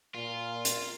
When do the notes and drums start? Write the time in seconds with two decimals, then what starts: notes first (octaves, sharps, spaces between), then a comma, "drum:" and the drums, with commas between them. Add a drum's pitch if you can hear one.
0.15 A#2 F4
0.65 drum: hi-hat